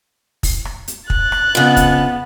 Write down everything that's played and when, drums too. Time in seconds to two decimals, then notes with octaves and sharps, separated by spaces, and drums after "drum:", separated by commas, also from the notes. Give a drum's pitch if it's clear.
0.43 drum: kick, open hi-hat
0.65 drum: rim click
0.88 drum: hi-hat
1.10 F#6 A6, drum: kick
1.32 drum: rim click
1.55 F2 C#3 B3
1.77 drum: kick, hi-hat